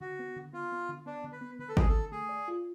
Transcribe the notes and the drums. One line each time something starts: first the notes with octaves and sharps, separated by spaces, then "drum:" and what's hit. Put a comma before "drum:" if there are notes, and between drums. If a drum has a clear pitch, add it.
D3 F#4
B3
D3
B3 F4
B3
D3
B3 D4
D3
B4
B3
D3 B4
A4
D3 G#4, drum: kick G#1
A4
D3
A3 G#4
D5
F4